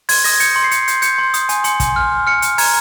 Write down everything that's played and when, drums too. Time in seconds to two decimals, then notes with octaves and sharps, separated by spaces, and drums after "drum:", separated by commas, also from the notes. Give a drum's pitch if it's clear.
0.09 C6 G#6, drum: open hi-hat
0.24 D#6 A#6, drum: open hi-hat
0.40 G6 C#7, drum: hi-hat
0.56 C6
0.64 C7
0.71 C6 C#7, drum: hi-hat
0.88 G6, drum: hi-hat
1.02 G6 C#7, drum: hi-hat
1.18 C6
1.34 D#6, drum: hi-hat
1.49 G#5, drum: hi-hat
1.64 C6 C#7, drum: hi-hat
1.80 G#5, drum: kick, hi-hat
1.96 F6
2.12 F6
2.27 F6 C#7
2.42 F6, drum: hi-hat
2.58 A#5 G#6, drum: open hi-hat